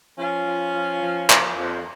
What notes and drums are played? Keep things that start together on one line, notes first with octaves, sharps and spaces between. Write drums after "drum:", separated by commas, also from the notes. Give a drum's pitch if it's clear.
F3 C#4 F4
F3
F3
F3
F3, drum: clap
F2